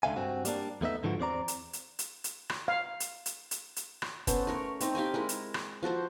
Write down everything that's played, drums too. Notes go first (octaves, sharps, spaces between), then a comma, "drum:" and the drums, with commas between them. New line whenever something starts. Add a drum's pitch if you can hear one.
C#2 D3 E5 F5 G#5
G2 C4 F#4
G3 A#3 D4, drum: hi-hat
E2 A3 B3 D#4 E5
G#2 D3 E3 F3 F#4
E2 C4 D5 A#5
drum: hi-hat
drum: hi-hat
drum: hi-hat
drum: hi-hat
drum: rim click
F5
drum: hi-hat
drum: hi-hat
drum: hi-hat
drum: hi-hat
drum: rim click
B3 C#4 A4 C5, drum: kick, hi-hat
A3 A#4 C#5
A3 C4 D#4, drum: hi-hat
G4 F5 G5 G#5
G#3 E4 A#4
drum: hi-hat
drum: rim click
F3 F#4 A4 C5